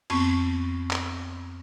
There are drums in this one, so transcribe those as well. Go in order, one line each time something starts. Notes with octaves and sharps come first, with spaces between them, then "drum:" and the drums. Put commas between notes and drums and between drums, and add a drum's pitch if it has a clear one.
F2 B3 C4 C#6, drum: cymbal
drum: clap